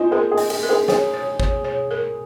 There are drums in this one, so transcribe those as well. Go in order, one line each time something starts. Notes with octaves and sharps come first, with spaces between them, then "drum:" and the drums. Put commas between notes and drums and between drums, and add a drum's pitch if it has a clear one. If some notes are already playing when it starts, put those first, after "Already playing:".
Already playing: F4 C5 D#5 G#5
G#4 A#4 C5
G#4
D#5, drum: open hi-hat
G#4, drum: cymbal
A#4
G#4 C5
G#4 C5 C#5, drum: snare
C#5
C#5, drum: kick
C#5
A#4